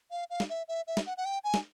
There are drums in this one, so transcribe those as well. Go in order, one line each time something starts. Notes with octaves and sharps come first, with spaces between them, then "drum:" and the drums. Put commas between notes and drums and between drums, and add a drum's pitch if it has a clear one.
F5
F5
drum: snare
E5
E5
E5
drum: snare
F#5
F#5
G5
G#5
drum: snare